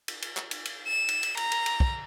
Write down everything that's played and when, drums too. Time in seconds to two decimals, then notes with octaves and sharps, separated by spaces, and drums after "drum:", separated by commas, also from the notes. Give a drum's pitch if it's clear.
0.08 drum: cymbal
0.22 drum: cymbal
0.37 drum: clap
0.51 drum: cymbal
0.65 drum: cymbal
0.87 E7
1.09 drum: cymbal
1.23 drum: cymbal
1.37 A#5, drum: cymbal
1.52 drum: cymbal
1.66 drum: cymbal
1.80 drum: kick